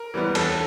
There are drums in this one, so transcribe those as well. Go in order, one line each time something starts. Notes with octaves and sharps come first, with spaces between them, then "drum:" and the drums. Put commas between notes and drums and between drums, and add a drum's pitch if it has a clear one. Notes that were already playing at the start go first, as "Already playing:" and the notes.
Already playing: A#4
E3 G3 B3
E2 A4, drum: cymbal